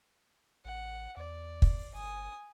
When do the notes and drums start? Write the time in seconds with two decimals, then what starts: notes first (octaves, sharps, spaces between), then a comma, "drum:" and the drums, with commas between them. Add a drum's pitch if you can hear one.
0.65 A1 F#5
1.17 E2 D5
1.62 drum: kick
1.94 G1 G#5 D#6